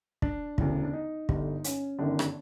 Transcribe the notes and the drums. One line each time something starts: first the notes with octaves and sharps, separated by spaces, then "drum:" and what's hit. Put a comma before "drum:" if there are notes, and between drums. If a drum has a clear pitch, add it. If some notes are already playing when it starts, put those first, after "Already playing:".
D4, drum: kick
E1 D2 C#3 E3, drum: kick
D4
D#4
G1 G2 D3, drum: kick
C#4, drum: hi-hat
G1 F#2 D#3 D4
drum: rim click